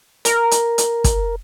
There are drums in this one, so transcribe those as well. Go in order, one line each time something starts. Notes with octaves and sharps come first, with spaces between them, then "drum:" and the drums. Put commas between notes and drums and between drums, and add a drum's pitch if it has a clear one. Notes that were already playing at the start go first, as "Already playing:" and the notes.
A#4, drum: hi-hat
drum: hi-hat
drum: hi-hat
drum: kick, hi-hat